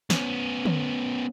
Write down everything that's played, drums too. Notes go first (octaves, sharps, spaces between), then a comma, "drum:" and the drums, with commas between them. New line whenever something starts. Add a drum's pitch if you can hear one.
B3 C#4, drum: snare
drum: tom